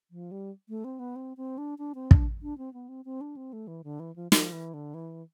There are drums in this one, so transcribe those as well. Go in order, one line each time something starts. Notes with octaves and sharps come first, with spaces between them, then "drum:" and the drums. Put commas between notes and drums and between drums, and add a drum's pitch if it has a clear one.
F3
G3
A3
C4
B3
C4
C4
D4
D4
C4
D4, drum: kick
D4
C4
B3
C4
C4
D4
C4
A3
E3
D3
E3
F3
F3, drum: snare
E3
D3
E3